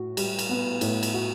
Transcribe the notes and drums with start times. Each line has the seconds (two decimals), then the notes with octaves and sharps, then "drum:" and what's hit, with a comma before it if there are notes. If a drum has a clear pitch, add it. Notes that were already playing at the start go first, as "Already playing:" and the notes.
Already playing: A2 F#4
0.17 G3, drum: cymbal
0.39 drum: cymbal
0.49 B3
0.81 A2, drum: cymbal
1.03 drum: cymbal
1.13 F#4